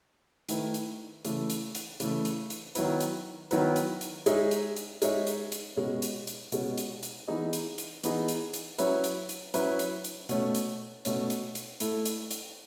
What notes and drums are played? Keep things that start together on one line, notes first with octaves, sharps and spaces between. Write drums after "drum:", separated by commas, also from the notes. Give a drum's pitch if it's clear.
D#3 A3 E4 B4, drum: hi-hat
drum: hi-hat
C#3 E3 A3, drum: hi-hat
drum: hi-hat
drum: hi-hat
C#3 E3 A3, drum: hi-hat
drum: hi-hat
drum: hi-hat
D#3 F#3 B3 E4 B4, drum: hi-hat
drum: hi-hat
D#3 F#3 B3 E4 B4, drum: hi-hat
drum: hi-hat
drum: hi-hat
G#3 D#4 G#4 C#5 E5, drum: hi-hat
drum: hi-hat
drum: hi-hat
G#3 D#4 G#4 C#5 E5, drum: hi-hat
drum: hi-hat
drum: hi-hat
B2 G#3 C#4
drum: hi-hat
drum: hi-hat
B2 G#3 C#4, drum: hi-hat
drum: hi-hat
drum: hi-hat
E3 B3 D#4 G#4 D#5
drum: hi-hat
drum: hi-hat
E3 B3 D#4 G#4 D#5, drum: hi-hat
drum: hi-hat
drum: hi-hat
F#3 C#4 E4 B4 E5, drum: hi-hat
drum: hi-hat
drum: hi-hat
F#3 C#4 E4 B4 E5, drum: hi-hat
drum: hi-hat
drum: hi-hat
B2 A3 C#4, drum: hi-hat
drum: hi-hat
B2 A3 C#4, drum: hi-hat
drum: hi-hat
drum: hi-hat
A3 E4 A4, drum: hi-hat
drum: hi-hat
drum: hi-hat